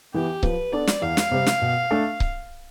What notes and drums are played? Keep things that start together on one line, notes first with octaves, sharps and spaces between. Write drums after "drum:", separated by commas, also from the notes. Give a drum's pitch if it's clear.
E3 B3 G4
F3 B4, drum: kick C#1
B3 D4 A4 D5
drum: snare
E2 F5
drum: snare
C3 G3 C4
drum: snare
B2
A3 D4 A4
drum: kick C#1